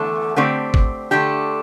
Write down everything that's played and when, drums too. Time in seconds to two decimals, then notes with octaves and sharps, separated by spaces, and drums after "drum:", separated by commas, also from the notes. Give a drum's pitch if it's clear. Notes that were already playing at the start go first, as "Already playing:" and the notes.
Already playing: E2 D3 A3 D4
0.36 D3 A3 C4 G4 D5
0.74 drum: kick
1.11 D3 A3 D4 G4